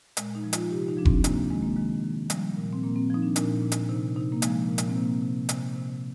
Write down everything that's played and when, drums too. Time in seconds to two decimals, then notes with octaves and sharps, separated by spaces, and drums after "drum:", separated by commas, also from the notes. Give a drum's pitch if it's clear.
0.17 A#2 G#3, drum: hi-hat
0.35 D#4
0.44 F3
0.53 F4, drum: hi-hat
0.71 C3 G4
0.88 D#4
0.97 F3 D4
1.05 C4, drum: kick F1
1.24 C3 A#3, drum: hi-hat
1.50 D#3 G#3
1.62 A#3
1.76 D#3 G#3
2.04 D#3
2.30 F3 G3, drum: hi-hat
2.56 A#2
2.73 C4
2.83 A#2 A#3
2.96 C4
3.10 F3 D#4
3.22 D4
3.36 A#2, drum: hi-hat
3.62 A#2
3.72 drum: hi-hat
3.89 C3 D#4
4.16 C3 D#4
4.32 A#3
4.42 F3 G#3, drum: hi-hat
4.68 A#2
4.78 drum: hi-hat
4.88 C4
4.96 C3 A#3
5.22 C3
5.49 C3, drum: hi-hat
5.76 C3